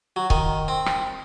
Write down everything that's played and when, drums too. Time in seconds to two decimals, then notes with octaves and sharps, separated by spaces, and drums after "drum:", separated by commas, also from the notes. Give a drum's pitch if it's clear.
0.16 F#3
0.30 D#3, drum: kick C#1
0.68 C4
0.86 drum: rim click